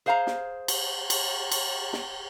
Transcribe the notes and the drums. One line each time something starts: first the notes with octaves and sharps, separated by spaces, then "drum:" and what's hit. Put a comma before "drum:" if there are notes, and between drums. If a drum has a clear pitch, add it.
G#4 C5 F5 A5 A#5
drum: snare
drum: cymbal
drum: cymbal
drum: cymbal
drum: snare